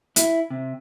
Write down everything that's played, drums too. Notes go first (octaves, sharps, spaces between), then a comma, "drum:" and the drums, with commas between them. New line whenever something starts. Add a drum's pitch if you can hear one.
E4, drum: hi-hat
C3